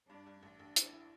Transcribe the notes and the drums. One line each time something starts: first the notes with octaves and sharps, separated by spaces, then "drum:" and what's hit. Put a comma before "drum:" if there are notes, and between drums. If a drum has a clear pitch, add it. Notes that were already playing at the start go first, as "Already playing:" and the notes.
G2 D4
G2
A1 D4
A1
E4, drum: hi-hat
E4